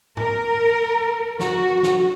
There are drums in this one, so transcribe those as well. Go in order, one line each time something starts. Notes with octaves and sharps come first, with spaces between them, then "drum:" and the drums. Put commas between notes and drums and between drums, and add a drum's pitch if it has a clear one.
A#4, drum: tom G#2
F#4, drum: snare
drum: snare